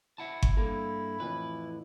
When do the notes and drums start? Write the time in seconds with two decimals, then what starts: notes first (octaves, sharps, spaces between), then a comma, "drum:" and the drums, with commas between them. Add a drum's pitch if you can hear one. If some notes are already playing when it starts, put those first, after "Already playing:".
0.18 E4 E5 F#5 A5
0.43 drum: kick G1
0.57 G2 A#3 A4 B5
1.20 F2 A2 E3 B4